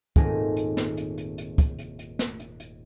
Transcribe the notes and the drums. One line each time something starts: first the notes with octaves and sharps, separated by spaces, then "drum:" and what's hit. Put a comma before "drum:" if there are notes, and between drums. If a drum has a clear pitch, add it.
D#1 G#2 A3 C4 G#5 A#6, drum: kick
drum: hi-hat
drum: snare
drum: hi-hat
drum: hi-hat
drum: hi-hat
drum: kick, hi-hat
drum: hi-hat
drum: hi-hat
drum: snare
drum: hi-hat
drum: hi-hat